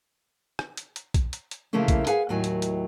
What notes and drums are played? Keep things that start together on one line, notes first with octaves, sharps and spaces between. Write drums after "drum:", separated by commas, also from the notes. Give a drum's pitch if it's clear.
drum: rim click
drum: hi-hat
drum: hi-hat
drum: kick, hi-hat
drum: hi-hat
drum: hi-hat
C#3 E3 F3 A3 A#3 C#4
drum: kick, hi-hat
G#4 B4 F5 F#5 G#5, drum: hi-hat
D#2 A2 D#3 F#3 G#5
drum: hi-hat
drum: hi-hat